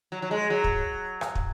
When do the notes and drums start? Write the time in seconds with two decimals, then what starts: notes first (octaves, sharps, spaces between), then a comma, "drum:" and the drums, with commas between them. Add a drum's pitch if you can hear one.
0.12 F#3
0.22 F#3
0.31 G#3
0.50 F#3
0.64 drum: kick
1.21 drum: rim click
1.35 drum: kick